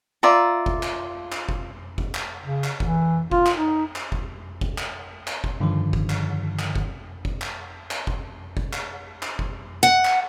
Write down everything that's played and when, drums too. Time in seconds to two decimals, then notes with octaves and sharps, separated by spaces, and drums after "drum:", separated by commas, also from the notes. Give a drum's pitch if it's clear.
0.23 F4 D5 E5 A#5
0.66 drum: kick F#1
0.83 drum: clap
1.32 drum: clap
1.49 drum: kick F#1
1.98 drum: kick F#1
2.14 drum: clap
2.43 C#3
2.64 drum: clap
2.80 E3, drum: kick F#1
3.31 F4, drum: kick F#1
3.46 drum: clap
3.55 D#4
3.96 drum: clap
4.12 drum: kick F#1
4.61 drum: kick F#1
4.78 drum: clap
5.27 drum: clap
5.44 drum: kick F#1
5.60 G2 D3 D#3 F3
5.93 drum: kick F#1
6.10 drum: clap
6.59 drum: clap
6.76 drum: kick F#1
7.25 drum: kick F#1
7.41 drum: clap
7.91 drum: clap
8.07 drum: kick F#1
8.57 drum: kick F#1
8.73 drum: clap
9.22 drum: clap
9.39 drum: kick F#1
9.83 F#5
10.05 drum: clap